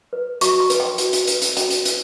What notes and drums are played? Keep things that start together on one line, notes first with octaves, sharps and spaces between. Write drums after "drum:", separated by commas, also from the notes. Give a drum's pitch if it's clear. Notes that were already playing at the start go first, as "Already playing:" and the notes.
B4
F#4 C#6, drum: hi-hat
C6
B4, drum: hi-hat
G5
F#4, drum: hi-hat
drum: hi-hat
B4, drum: hi-hat
drum: hi-hat
F#4 G5, drum: hi-hat
drum: hi-hat
B4, drum: hi-hat